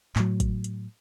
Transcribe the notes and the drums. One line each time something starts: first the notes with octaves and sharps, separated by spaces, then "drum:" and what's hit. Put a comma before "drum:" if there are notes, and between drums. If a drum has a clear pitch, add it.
A2 F#3, drum: clap
drum: kick, hi-hat
drum: hi-hat